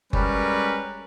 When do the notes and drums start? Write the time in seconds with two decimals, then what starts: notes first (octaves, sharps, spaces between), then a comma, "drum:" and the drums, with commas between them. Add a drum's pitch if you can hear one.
0.13 G3 G#3 C#4 A#4 B4, drum: kick F#1